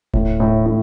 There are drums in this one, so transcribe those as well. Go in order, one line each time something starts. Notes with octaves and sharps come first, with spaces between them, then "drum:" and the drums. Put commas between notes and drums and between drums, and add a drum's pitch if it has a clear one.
A2, drum: kick D1
A2
A2